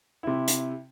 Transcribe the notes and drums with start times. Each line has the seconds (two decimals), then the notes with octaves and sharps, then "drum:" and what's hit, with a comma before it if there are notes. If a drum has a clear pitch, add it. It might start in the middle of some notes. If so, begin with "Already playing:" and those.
0.23 C3 E4
0.48 drum: hi-hat